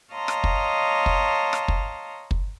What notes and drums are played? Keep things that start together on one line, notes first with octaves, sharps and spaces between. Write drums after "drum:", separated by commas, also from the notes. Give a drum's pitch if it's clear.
C#5 D#5 F5 A5 A#5 C6
drum: rim click
drum: kick
drum: kick
drum: rim click
drum: kick
drum: kick